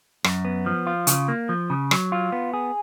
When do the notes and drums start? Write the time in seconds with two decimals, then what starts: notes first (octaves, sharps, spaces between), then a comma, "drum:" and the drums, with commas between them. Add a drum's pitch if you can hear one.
0.24 F#2, drum: rim click
0.45 B3
0.66 F3
0.87 F4
1.07 C#3, drum: hi-hat
1.28 A#3
1.49 F3
1.70 C#3
1.91 F#3, drum: rim click
2.12 F4
2.32 B3
2.54 G#4